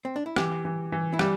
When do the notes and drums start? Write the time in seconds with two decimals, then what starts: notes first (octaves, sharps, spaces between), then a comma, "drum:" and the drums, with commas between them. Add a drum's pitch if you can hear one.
0.05 C4
0.16 D4
0.26 E4
0.36 E3 G4, drum: rim click
0.65 E3
0.92 E3
1.14 E4
1.19 G3 G4, drum: rim click